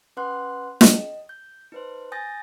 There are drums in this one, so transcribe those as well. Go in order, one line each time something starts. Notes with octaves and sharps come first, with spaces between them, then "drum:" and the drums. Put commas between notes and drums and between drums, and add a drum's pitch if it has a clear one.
C#4 B4 F#5 C6 F#6
D#5, drum: snare
G6
D#4 B4 C5
G#5 D#6 G6 A6 A#6